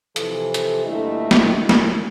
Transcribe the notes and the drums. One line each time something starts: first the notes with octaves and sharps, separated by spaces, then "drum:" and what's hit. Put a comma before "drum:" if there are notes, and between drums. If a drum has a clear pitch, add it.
C3 E3 F3 A4, drum: hi-hat
drum: hi-hat
G2 A#2 D3 A3 E4 D#5
drum: snare
drum: snare